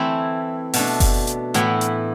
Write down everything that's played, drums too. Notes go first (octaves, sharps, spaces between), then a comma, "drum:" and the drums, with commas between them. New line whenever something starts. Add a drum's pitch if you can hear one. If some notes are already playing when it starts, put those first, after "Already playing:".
Already playing: E3 A3 C4 E4
B2 A3 D4, drum: open hi-hat
drum: kick F#1, open hi-hat
drum: hi-hat
A2 E3 B3 E4, drum: hi-hat
drum: hi-hat